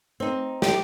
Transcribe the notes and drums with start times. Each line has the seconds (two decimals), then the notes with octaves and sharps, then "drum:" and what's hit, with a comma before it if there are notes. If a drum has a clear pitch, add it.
0.20 C4 D#4
0.62 G4, drum: snare